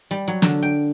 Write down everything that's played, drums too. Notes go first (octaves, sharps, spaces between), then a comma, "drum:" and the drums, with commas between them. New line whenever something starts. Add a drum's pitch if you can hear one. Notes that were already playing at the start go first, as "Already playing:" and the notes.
G3
F#3
D3, drum: snare
G5